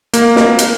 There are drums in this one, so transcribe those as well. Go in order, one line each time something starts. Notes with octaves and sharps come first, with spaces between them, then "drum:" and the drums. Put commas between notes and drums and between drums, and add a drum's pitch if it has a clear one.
A#3, drum: hi-hat
drum: snare
drum: hi-hat